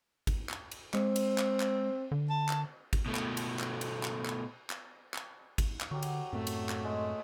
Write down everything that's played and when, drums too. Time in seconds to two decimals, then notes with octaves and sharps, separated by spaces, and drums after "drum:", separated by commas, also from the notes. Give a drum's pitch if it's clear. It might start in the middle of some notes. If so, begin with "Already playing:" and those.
0.27 drum: kick, cymbal
0.49 drum: clap
0.71 drum: cymbal
0.94 G#3 C4, drum: clap
1.16 drum: cymbal
1.38 drum: clap
1.60 drum: clap
2.12 D3
2.30 A5
2.48 drum: clap
2.93 drum: kick, cymbal
3.06 B2 A3
3.15 drum: clap
3.37 drum: cymbal
3.59 drum: clap
3.81 drum: cymbal
4.03 drum: clap
4.25 drum: clap
4.70 drum: clap
5.14 drum: clap
5.58 drum: kick, cymbal
5.80 drum: clap
5.91 D3 F#3 G4
6.03 drum: cymbal
6.33 F#2 A2 A3 C4
6.47 drum: cymbal
6.69 drum: clap
6.85 G#3